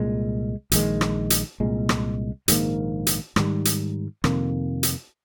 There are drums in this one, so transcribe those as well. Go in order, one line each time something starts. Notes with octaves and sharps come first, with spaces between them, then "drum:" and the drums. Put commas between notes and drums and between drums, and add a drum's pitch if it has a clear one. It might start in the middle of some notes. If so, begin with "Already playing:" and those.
Already playing: C2 A#2 G#3
A#1 G#2 D#3 G#3, drum: hi-hat
drum: rim click
drum: hi-hat
C2 A#2 G#3
drum: rim click
A#1 G#2 D#3 A#3, drum: hi-hat
drum: hi-hat
G#2 D#3 G3, drum: rim click
drum: hi-hat
F2 C3 D#3 A#3, drum: rim click
drum: hi-hat